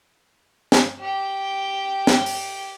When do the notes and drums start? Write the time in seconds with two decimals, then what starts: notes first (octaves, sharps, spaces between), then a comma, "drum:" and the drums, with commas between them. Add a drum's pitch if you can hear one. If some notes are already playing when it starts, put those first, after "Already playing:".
0.72 drum: snare
1.00 G4 G5
2.07 drum: snare
2.26 drum: open hi-hat